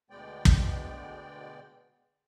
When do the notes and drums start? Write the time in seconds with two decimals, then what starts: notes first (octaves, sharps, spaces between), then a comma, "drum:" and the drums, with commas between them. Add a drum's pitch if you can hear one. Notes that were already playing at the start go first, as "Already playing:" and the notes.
0.10 D2 B2 G#3 B3 D5 G5
0.45 drum: kick